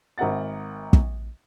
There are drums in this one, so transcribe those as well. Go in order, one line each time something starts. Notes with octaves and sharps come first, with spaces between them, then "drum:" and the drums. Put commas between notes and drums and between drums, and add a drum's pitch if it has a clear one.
G#1 A#4 E5 F#5 A6
drum: kick